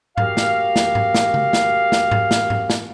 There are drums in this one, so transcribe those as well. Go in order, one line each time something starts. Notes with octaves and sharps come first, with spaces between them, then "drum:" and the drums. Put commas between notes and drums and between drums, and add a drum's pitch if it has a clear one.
F#4 G4 A#4 F5, drum: tom G#2
drum: snare
drum: snare
drum: tom G#2
drum: snare
drum: tom C#3
drum: snare
drum: snare
drum: tom G#2
drum: snare
drum: tom G#2
drum: snare